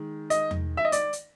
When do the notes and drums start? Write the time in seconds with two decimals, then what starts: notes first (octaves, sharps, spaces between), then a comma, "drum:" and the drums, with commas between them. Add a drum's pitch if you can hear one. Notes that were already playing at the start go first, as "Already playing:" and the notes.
Already playing: D#3 G#3
0.30 D#5, drum: hi-hat
0.51 drum: tom E2
0.77 E5
0.85 D#5
0.92 D5, drum: hi-hat
1.13 drum: hi-hat